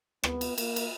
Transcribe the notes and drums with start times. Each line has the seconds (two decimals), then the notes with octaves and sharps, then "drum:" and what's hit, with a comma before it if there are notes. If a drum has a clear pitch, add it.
0.23 B3, drum: rim click
0.41 drum: cymbal
0.58 A#3, drum: cymbal
0.76 drum: cymbal